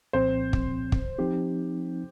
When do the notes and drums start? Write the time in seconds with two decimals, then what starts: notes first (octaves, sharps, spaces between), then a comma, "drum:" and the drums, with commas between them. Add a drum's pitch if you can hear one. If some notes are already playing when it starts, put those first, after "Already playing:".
0.13 C2 A#2 F3 C4 C5
0.53 drum: kick
0.92 drum: kick
1.19 F3 C4 D#4 G4